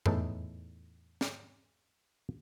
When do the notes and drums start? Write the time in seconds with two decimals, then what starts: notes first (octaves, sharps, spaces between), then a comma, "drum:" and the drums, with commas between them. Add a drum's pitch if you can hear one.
0.06 E2 A2 E3 D#4 A4, drum: tom F2
1.21 drum: snare